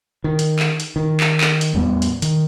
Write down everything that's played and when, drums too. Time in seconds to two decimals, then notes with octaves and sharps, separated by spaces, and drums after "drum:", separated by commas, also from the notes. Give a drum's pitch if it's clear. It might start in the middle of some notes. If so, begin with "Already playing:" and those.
0.24 D#3
0.39 drum: hi-hat
0.59 drum: clap
0.80 drum: hi-hat
0.96 D#3
1.20 drum: clap
1.41 drum: clap
1.61 drum: hi-hat
1.74 E2 A2 G3 B3
2.02 drum: hi-hat
2.22 D#3, drum: hi-hat